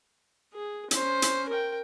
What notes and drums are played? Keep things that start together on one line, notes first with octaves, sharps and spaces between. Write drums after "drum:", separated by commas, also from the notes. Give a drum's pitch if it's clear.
G#4
C#4 C5, drum: hi-hat
drum: hi-hat
A#4 G5